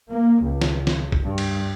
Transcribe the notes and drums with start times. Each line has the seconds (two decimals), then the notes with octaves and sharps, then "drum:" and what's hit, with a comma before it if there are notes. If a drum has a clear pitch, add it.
0.11 A#3
0.41 C#2
0.61 drum: snare
0.87 drum: snare
1.12 drum: kick A#1
1.24 G2
1.38 drum: cymbal